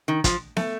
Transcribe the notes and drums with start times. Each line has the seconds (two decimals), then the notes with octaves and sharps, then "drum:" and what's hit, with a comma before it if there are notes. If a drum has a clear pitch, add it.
0.08 D#3
0.24 F3, drum: kick, hi-hat
0.57 A3, drum: snare